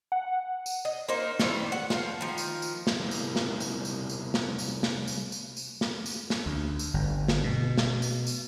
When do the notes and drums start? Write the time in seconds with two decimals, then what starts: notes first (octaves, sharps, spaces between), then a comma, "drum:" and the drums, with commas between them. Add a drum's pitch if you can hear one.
0.12 F#5
0.66 drum: tambourine
0.85 D#5
1.09 A#3 D#4 C5
1.39 D#3 E3 G3, drum: snare
1.72 F#5
1.90 F3 F5, drum: snare
2.21 D#3 F3
2.38 drum: tambourine
2.62 drum: tambourine
2.87 drum: snare
2.99 C3 G3 B3 E4 G4 A#4
3.11 drum: tambourine
3.36 drum: snare
3.60 drum: tambourine
3.85 drum: tambourine
4.09 drum: tambourine
4.34 drum: snare
4.59 drum: tambourine
4.83 drum: snare
5.08 drum: tambourine
5.32 drum: tambourine
5.57 drum: tambourine
5.81 drum: snare
6.06 drum: tambourine
6.30 drum: snare
6.46 D2
6.79 drum: tambourine
6.94 G1
7.28 drum: snare
7.44 B2
7.78 drum: snare
8.02 drum: tambourine
8.27 drum: tambourine